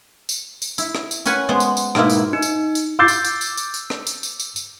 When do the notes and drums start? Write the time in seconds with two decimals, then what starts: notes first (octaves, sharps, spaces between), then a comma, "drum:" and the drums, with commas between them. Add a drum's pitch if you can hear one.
0.29 drum: tambourine
0.62 drum: tambourine
0.78 E4, drum: tambourine
0.95 drum: rim click
1.11 drum: tambourine
1.26 C#4 B4 F#5 G#5, drum: tambourine
1.49 G#3 B3 C5
1.60 drum: tambourine
1.77 drum: tambourine
1.95 G#2 B2 A#3 B3 E4, drum: rim click
2.10 drum: tambourine
2.33 D#4
2.42 drum: tambourine
2.75 drum: tambourine
2.99 D6 E6 G6 A6 C7
3.08 drum: tambourine
3.25 drum: tambourine
3.41 drum: tambourine
3.57 drum: tambourine
3.74 drum: tambourine
3.90 drum: rim click
4.07 drum: tambourine
4.23 drum: tambourine
4.40 drum: tambourine
4.56 drum: tambourine